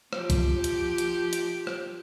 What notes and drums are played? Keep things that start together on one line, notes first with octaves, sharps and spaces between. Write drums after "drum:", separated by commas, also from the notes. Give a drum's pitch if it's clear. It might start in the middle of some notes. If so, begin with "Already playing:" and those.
F3 G4, drum: rim click
drum: kick, hi-hat
drum: hi-hat
drum: hi-hat
drum: hi-hat
drum: rim click